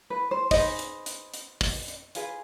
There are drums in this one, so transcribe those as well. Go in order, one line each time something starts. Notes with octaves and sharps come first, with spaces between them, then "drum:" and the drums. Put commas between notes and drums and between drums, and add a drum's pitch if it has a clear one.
B4
C5
D#4 G#4 B4 C5 D#5, drum: kick, open hi-hat
drum: hi-hat
drum: hi-hat
drum: hi-hat
drum: kick, open hi-hat
drum: hi-hat
F4 G#4 B4, drum: hi-hat